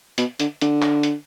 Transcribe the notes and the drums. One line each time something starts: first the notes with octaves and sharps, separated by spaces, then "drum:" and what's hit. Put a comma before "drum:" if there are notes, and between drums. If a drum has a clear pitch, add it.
B2, drum: hi-hat
D3, drum: hi-hat
D3, drum: hi-hat
drum: clap
drum: hi-hat